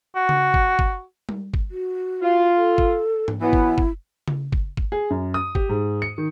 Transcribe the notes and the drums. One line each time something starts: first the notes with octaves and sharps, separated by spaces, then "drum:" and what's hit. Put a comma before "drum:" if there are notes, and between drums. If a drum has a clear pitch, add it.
F#4
drum: tom C#3
drum: kick
drum: kick
drum: tom G3
drum: kick
F#4
F4
A4
drum: kick
drum: tom G#2
E3 F#3 B3 E4
drum: kick
drum: kick
drum: tom C#3
drum: kick
drum: kick
G#4
F#2
D#6
G4, drum: kick
G#2
C#7
D#3